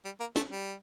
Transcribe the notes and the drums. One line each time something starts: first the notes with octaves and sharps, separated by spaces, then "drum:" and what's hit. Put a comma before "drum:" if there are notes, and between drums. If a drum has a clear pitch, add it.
G3
A#3
A3, drum: snare
G3